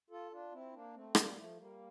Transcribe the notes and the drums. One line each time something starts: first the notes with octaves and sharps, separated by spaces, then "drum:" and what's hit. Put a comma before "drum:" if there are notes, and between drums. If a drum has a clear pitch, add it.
F4 A4
D4 F4
C4 E4
A#3 D4
A3 C4
G3 A#3, drum: rim click
F3 A3
G3 A#3